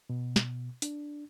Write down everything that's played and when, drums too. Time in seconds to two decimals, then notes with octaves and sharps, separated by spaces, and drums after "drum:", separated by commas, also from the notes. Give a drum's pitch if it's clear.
0.10 B2
0.36 drum: snare
0.82 D4, drum: hi-hat